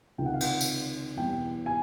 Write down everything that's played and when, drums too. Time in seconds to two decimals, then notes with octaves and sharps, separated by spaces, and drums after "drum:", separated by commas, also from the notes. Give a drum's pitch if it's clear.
0.18 C#2 C3 D#3 G5
0.26 F#5
0.33 F5
0.40 F#5, drum: cymbal
0.61 drum: tambourine
1.17 E2 B2 G3 G5
1.66 G#5